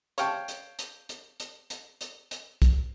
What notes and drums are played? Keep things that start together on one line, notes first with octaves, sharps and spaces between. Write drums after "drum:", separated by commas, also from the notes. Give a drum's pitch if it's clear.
C#5 F5 G5 A5, drum: hi-hat
drum: hi-hat
drum: hi-hat
drum: hi-hat
drum: hi-hat
drum: hi-hat
drum: hi-hat
drum: hi-hat
drum: kick, hi-hat